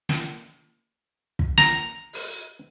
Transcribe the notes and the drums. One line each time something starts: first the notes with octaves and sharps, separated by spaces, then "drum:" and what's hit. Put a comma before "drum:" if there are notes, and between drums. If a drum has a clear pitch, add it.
drum: snare
drum: kick
A#5, drum: snare
drum: open hi-hat